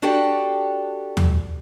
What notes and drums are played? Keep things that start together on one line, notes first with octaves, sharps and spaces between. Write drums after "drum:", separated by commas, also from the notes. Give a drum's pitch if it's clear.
D4 F#4 G4 A4 D5 G5
drum: tom D#2